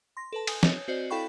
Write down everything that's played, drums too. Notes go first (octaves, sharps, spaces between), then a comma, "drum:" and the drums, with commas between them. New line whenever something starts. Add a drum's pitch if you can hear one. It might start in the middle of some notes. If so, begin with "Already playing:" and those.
C6 A#6
A4 B4 A5
G#5 D#6, drum: cymbal
C#5, drum: snare
C4 F#4 C5 D5 D#5
E4 A4 F5 G5 B5 C#6